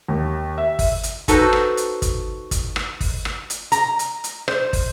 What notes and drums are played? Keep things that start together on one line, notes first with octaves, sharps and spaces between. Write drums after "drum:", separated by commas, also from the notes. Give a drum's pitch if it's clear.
D#2
E5
drum: kick, open hi-hat
drum: hi-hat
D#4 F#4 A4 B4 C5, drum: kick, hi-hat
drum: rim click
drum: hi-hat
drum: kick, hi-hat
drum: kick, hi-hat
drum: rim click
drum: kick, open hi-hat
drum: rim click
drum: hi-hat
A#5, drum: hi-hat
drum: hi-hat
drum: hi-hat
C5, drum: rim click
drum: kick, open hi-hat